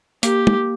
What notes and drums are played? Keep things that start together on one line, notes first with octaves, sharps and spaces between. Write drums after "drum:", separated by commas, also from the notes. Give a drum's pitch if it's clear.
A#3 G4, drum: hi-hat
drum: tom